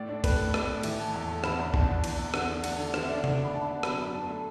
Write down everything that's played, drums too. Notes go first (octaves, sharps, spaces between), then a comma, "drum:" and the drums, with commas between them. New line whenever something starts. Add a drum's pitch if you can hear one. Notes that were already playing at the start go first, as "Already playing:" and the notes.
Already playing: A2 D5
D4
A3 B4, drum: kick A#1, cymbal
A2
A2 D5, drum: rim click
A3
E3 E5, drum: cymbal
A2 A5
E2
A3
D3 B5, drum: rim click
E2
D4 A5, drum: kick A#1
B3
E3, drum: cymbal
E2
D3 F#5, drum: rim click
D4
A3 F#5, drum: cymbal
D3
D3, drum: rim click
E5
D4
D5
A3 F#5, drum: tom C3
D3
B5
D4 A5
B3
F#3 B5, drum: rim click
F#2
D4 A5
A3